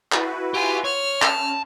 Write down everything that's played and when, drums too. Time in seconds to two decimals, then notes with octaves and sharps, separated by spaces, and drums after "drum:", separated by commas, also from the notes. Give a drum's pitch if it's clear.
0.12 E4 F#4 B4, drum: clap
0.54 F4 G4 G#5
0.84 C#5 F6
1.22 C#4 A5, drum: clap